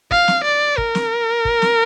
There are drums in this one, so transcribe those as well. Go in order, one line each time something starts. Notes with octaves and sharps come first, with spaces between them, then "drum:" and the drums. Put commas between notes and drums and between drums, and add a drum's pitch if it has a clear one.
F5, drum: kick
drum: snare
D5
A#4, drum: kick
drum: snare
drum: kick
drum: snare